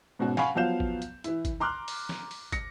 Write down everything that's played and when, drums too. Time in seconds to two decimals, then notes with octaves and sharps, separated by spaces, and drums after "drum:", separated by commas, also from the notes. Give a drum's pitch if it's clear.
0.19 G#2 B2 C#4 F#4
0.37 F5 F#5 G#5 B5 C#6, drum: snare
0.55 F3 F#3 B3 F5 G6 E7
0.80 drum: kick
1.02 drum: hi-hat
1.24 E3 E4, drum: hi-hat
1.45 drum: kick, hi-hat
1.60 A#5 C6 D6 F6 F#6
1.88 drum: open hi-hat
2.09 drum: snare
2.31 drum: open hi-hat
2.52 A#6 C#7, drum: kick, hi-hat